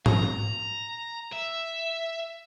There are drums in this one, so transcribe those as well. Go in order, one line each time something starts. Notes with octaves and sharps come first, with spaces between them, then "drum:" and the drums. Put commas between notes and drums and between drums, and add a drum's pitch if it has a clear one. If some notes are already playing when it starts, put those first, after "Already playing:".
A#5, drum: tom G#2
E5